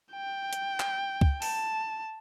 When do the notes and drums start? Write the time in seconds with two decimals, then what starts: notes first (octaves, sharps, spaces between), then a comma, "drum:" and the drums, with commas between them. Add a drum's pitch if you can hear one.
0.13 G5
0.53 drum: hi-hat
0.80 drum: clap
1.21 drum: kick C#2
1.42 A5, drum: open hi-hat